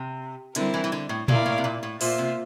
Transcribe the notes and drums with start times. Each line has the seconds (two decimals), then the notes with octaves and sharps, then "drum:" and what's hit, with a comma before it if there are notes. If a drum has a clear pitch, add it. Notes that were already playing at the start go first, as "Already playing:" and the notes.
Already playing: C3
0.55 D3 G3 C4 E4 A#4, drum: hi-hat
0.74 E3
0.84 E3
0.92 D3
1.09 A2
1.28 A#2 A#3 E4 A#4 D5 F5, drum: tom A#2
1.46 A2
1.58 C3
1.64 A#2
1.83 A2
2.01 A#2 A#3 F4 C5 E5, drum: open hi-hat
2.18 C3